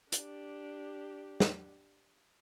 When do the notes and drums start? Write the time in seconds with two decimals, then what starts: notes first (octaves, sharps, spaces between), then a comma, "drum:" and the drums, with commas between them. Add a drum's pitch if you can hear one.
0.12 D4 G4, drum: hi-hat
1.40 drum: snare